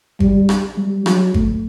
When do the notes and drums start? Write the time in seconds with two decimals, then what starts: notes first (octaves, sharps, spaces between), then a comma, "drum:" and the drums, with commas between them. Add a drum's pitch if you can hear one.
0.20 G3, drum: kick G#1
0.49 drum: rim click
0.77 G3
1.06 F#3, drum: rim click
1.34 A3, drum: kick G#1